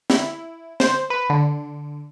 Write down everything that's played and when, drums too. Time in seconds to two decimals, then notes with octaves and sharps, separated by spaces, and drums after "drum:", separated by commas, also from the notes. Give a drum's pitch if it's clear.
0.10 E4, drum: snare
0.80 C5, drum: snare
1.10 B4
1.29 D3